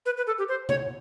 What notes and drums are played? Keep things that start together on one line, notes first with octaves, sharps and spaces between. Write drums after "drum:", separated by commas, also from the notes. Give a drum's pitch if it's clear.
B4
B4
A4
G4
C5
C#5, drum: tom C3